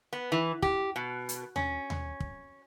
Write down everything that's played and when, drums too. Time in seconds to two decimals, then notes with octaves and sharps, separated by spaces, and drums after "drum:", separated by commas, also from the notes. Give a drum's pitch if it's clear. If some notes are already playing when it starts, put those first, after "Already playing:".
0.13 B3
0.32 E3
0.62 G4, drum: kick
0.96 B2
1.29 drum: hi-hat
1.56 C#4, drum: tom D#2
1.90 drum: tom D#2
2.20 drum: kick